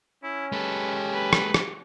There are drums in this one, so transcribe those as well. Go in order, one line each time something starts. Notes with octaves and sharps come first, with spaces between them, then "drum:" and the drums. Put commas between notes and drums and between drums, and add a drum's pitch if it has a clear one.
C#4 E4
G#3 G4 A4 B4
B4
drum: rim click
drum: rim click